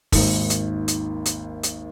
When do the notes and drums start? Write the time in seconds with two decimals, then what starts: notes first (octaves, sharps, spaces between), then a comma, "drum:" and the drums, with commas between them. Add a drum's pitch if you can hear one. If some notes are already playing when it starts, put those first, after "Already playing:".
0.12 G#1 D#2, drum: kick, open hi-hat
0.50 drum: hi-hat
0.88 drum: hi-hat
1.26 drum: hi-hat
1.63 drum: hi-hat